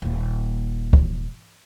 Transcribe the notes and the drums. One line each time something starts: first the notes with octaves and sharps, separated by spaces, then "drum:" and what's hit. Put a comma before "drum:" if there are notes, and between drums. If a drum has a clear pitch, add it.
D#1 A#3
drum: kick